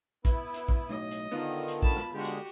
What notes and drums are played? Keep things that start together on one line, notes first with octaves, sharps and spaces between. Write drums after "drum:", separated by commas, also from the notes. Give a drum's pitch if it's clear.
B3 E4, drum: kick, hi-hat
drum: hi-hat
drum: kick
B1 A2 D#5
drum: hi-hat
D3 D#3 B3 F4
drum: hi-hat
A5 B5, drum: kick
drum: rim click
D3 G#3 F#4 G4
drum: hi-hat